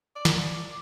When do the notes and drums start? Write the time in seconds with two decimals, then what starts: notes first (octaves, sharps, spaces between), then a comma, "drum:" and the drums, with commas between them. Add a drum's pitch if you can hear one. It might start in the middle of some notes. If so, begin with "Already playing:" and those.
0.16 D5
0.25 drum: snare